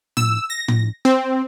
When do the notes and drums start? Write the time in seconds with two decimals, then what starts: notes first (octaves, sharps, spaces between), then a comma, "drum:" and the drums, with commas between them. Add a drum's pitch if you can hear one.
0.17 E6, drum: tom A2
0.50 A#6
0.68 drum: tom A2
1.05 C4